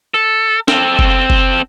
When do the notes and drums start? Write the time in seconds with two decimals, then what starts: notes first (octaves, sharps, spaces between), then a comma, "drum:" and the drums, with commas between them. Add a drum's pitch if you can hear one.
0.14 A4
0.68 C4 A4, drum: snare
0.99 drum: kick F#1
1.30 drum: kick F#1